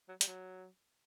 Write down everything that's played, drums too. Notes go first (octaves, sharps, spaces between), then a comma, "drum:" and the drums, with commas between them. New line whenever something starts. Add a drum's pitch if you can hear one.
F#3
G3, drum: hi-hat
F#3